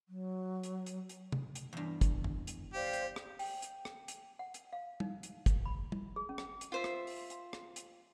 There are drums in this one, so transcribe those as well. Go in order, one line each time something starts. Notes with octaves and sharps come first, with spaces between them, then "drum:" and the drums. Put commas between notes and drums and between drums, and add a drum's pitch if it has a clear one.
F#3
drum: hi-hat
drum: hi-hat
drum: hi-hat
drum: tom
drum: hi-hat
E2 G2
drum: kick, hi-hat
drum: tom
drum: hi-hat
G4 C5 D5 F5
drum: hi-hat
drum: rim click
G5, drum: open hi-hat
drum: hi-hat
drum: rim click
drum: hi-hat
F#5
drum: hi-hat
F5
D#4, drum: tom
drum: hi-hat
drum: kick, hi-hat
B5
drum: tom
G#4
C#4
drum: rim click
drum: hi-hat
F4 C5 E5
drum: rim click
drum: open hi-hat
drum: hi-hat
drum: rim click
drum: hi-hat